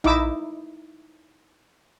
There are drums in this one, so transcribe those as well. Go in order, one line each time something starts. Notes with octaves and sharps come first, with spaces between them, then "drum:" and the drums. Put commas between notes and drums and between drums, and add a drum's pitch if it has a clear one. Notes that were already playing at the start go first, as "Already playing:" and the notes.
D#4 E4 D6 E6, drum: tom A#1